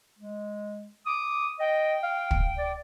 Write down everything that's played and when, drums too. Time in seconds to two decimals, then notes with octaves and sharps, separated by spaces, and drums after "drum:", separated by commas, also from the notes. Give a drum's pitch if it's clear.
0.19 G#3
1.06 D6 D#6
1.59 D#5 G5
2.03 F5
2.31 drum: kick
2.58 D5